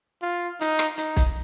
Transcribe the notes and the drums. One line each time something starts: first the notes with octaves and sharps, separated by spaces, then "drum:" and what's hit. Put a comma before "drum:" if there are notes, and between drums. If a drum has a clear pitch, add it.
F4
D#4, drum: hi-hat
drum: rim click
D#4, drum: hi-hat
drum: kick, hi-hat